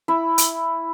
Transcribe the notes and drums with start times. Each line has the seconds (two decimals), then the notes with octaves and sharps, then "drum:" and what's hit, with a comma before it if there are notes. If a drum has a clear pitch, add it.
0.08 E4
0.38 drum: hi-hat